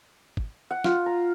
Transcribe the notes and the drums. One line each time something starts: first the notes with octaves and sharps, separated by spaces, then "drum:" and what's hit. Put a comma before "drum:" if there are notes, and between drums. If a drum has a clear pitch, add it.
drum: kick G#1
F#5
F4, drum: snare
A#5